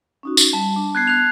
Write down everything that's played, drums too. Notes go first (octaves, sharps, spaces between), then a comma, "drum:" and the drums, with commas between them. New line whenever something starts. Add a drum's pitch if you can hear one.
C#4 D#4 F#4
drum: tambourine
G3 A5
D4
B3 F#6 G#6 C7
F#6 F7